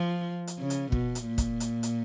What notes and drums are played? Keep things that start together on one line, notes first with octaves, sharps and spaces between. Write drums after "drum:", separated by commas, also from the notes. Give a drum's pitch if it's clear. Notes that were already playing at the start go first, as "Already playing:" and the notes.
Already playing: F3
drum: hi-hat
C#3
drum: hi-hat
B2, drum: kick
drum: hi-hat
A#2
drum: kick, hi-hat
drum: hi-hat
drum: hi-hat